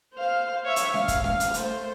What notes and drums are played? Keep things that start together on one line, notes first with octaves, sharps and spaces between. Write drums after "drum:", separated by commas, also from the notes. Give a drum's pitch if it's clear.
C5 F5
C#5 E5
drum: hi-hat
F5, drum: snare C#4
drum: kick, hi-hat
F5, drum: snare C#4
drum: hi-hat
A3 C5, drum: hi-hat